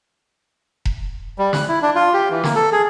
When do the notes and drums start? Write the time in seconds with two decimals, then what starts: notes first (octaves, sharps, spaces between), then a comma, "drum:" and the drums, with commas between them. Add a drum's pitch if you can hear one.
0.85 drum: kick E1
1.38 G3
1.53 F#6, drum: snare
1.68 E4
1.82 D4
1.95 F4
2.13 G4
2.30 E3
2.44 A#3, drum: snare
2.55 A4
2.72 G#4